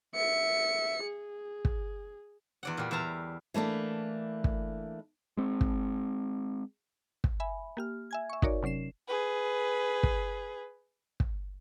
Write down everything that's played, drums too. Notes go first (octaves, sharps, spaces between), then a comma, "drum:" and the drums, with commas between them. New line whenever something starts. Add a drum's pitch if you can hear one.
E5 C#7
G#4
drum: kick
E2 D5 F#5
A#2 G3
E2 E5 A5 A#5
E3 A3 A#3 D4
drum: kick
G#3 C4
drum: kick
drum: kick
E5 G#5 B5
A#3 G4 F6
E5 G#5 G#6
E5 C#6
D#4 F#4 A#4 C#5 D5, drum: kick
C3 F#3 C#4 C7 E7
G#4 B4
drum: kick
drum: kick